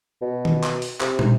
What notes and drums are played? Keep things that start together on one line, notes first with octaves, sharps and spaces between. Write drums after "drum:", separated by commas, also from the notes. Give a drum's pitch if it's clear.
B2
drum: tom D#3
drum: clap
drum: open hi-hat
C3, drum: clap
drum: tom